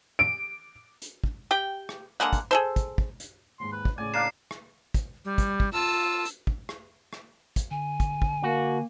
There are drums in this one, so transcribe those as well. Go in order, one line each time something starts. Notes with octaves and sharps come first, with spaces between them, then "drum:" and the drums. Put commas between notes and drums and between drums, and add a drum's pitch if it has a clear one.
D7
drum: hi-hat
drum: kick
G4 G5
drum: rim click
D3 G#3 A#3 F#5
drum: kick, hi-hat
G#4 A4 C5
drum: kick, hi-hat
drum: kick
drum: hi-hat
D#2 G#2 C6
B4
drum: kick
A2 C#3 D5 G#5
A#3 D4 F5 C7 E7
drum: rim click
drum: kick, hi-hat
G3
drum: kick, hi-hat
drum: kick
F4 A5 E6
drum: hi-hat
drum: kick
drum: rim click
drum: rim click
drum: kick, hi-hat
D3 G#5
drum: kick, hi-hat
drum: kick
A#3 F#4